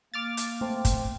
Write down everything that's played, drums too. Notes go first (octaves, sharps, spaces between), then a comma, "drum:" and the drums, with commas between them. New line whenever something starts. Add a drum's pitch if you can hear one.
A#3 D6 F6 A6
drum: hi-hat
A3 C4
drum: kick F#1, hi-hat